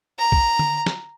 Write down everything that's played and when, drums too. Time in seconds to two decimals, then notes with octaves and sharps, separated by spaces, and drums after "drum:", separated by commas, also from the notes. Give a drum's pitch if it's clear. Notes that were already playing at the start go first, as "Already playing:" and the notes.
0.19 A#5
0.32 drum: kick
0.59 drum: tom D3
0.86 drum: snare